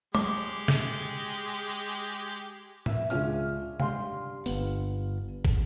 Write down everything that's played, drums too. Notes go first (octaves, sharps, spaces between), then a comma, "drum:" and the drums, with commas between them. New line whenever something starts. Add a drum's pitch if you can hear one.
G#3 G4 D6, drum: tom
drum: snare
A#3 B3 E5, drum: tom A2
C#2 C#4 D4 F4 F6, drum: tambourine
G2 F5 C6, drum: tom
G1 B3, drum: open hi-hat
drum: kick